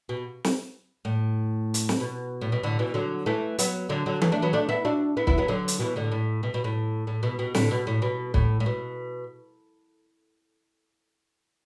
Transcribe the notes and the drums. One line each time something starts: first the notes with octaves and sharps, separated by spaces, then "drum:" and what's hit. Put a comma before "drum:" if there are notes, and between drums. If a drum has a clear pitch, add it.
B2
drum: snare
A2
drum: hi-hat
drum: snare
B2
A2
B2
A2 D3
B2 E3
D3 F#3
E3 A3
F#3 B3, drum: hi-hat
D3 F#3
D3 F#3
E3 A3, drum: tom E3
A3 D4
F#3 B3
A3 D4
B3 E4
D4 F#4
B3 E4
B3 E4, drum: kick
F#3 B3
D3 F#3
drum: hi-hat
B2 E3
A2 D3
A2
B2
B2
A2
A2
B2
B2
A2 D3, drum: snare
B2
A2
B2
A2, drum: kick
A2
B2